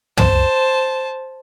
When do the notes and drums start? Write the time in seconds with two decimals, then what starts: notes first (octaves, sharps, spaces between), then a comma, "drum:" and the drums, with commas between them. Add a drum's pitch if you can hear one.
0.17 C5 A5, drum: tom